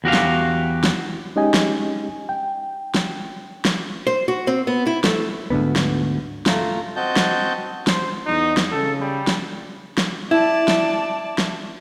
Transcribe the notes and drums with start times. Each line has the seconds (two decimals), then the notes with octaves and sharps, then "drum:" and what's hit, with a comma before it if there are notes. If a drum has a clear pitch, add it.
0.04 E2 F#4 G4 F5
0.13 drum: snare
0.84 drum: snare
1.36 G#3 C#4 D#4 G4 D#5 G#5
1.54 drum: snare
2.29 G5
2.95 drum: snare
3.65 drum: snare
4.07 C5
4.28 F#4
4.47 C4
4.67 B3
4.87 E4
5.04 A3, drum: snare
5.50 D2 G#2 D3 B3
5.76 drum: snare
6.46 A3 F4 A#5, drum: snare
6.96 C4 F#4 D#5 A5 G6
7.16 drum: snare
7.87 C5, drum: snare
8.26 E2 D#4
8.57 drum: snare
8.71 C#3 A4
9.01 G3
9.27 drum: snare
9.98 drum: snare
10.31 E4 D5 A5
10.68 drum: snare
11.38 drum: snare